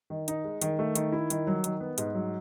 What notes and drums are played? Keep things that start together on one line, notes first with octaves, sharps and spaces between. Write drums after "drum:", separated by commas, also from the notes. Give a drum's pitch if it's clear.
D#3
D#4, drum: hi-hat
G#3
D#3, drum: hi-hat
A3
D#3, drum: hi-hat
E4
D#3, drum: hi-hat
F#3
D#3, drum: hi-hat
B3
G#2, drum: hi-hat
F#3